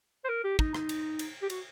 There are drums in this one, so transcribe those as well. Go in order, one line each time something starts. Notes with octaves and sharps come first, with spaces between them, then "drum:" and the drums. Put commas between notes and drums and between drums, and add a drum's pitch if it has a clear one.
C5
A#4
G4
D#4, drum: kick
D#4, drum: rim click
drum: cymbal
drum: cymbal
G4
F#4, drum: cymbal